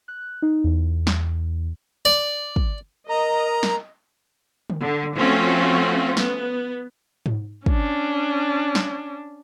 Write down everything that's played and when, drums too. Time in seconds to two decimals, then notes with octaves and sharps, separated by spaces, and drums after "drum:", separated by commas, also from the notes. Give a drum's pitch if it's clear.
0.08 F#6
0.42 D#4
0.64 E2
1.07 drum: snare
2.05 D5
2.56 drum: kick
3.09 A#4 D#5 A#5
3.63 drum: snare
4.70 drum: tom D3
4.82 D3
5.16 F3 A3 C4 C#4 F4 F#4
6.17 B3, drum: snare
7.26 drum: tom G#2
7.66 C#4 D4, drum: kick
8.75 drum: snare